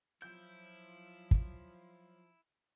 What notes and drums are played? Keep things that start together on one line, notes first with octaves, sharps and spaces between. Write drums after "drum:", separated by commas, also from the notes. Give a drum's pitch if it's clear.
F3 F#3 E4 G6
drum: kick